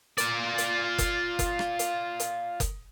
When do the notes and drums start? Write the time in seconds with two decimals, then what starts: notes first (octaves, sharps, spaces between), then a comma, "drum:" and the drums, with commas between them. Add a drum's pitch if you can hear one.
0.18 F4 D5, drum: hi-hat
0.58 drum: hi-hat
0.98 drum: kick F#1, hi-hat
1.39 drum: kick F#1, hi-hat
1.59 drum: rim click
1.79 drum: hi-hat
2.20 drum: hi-hat
2.60 drum: kick F#1, hi-hat